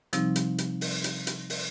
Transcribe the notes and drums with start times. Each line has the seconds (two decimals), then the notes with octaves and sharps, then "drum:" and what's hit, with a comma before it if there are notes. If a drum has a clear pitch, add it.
0.13 C3 F3 G3 C4 D#4, drum: hi-hat
0.36 drum: hi-hat
0.58 drum: hi-hat
0.81 drum: open hi-hat
1.04 drum: hi-hat
1.27 drum: hi-hat
1.50 drum: open hi-hat